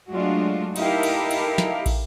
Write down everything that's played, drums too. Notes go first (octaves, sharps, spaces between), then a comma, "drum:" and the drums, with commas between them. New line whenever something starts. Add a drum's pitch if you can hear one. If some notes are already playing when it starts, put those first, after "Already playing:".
F#3 G#3 A3 D4 F4 F#4
D#4 E4 G4 A4 A#4 F5, drum: cymbal
drum: cymbal
drum: cymbal
drum: snare
drum: kick, cymbal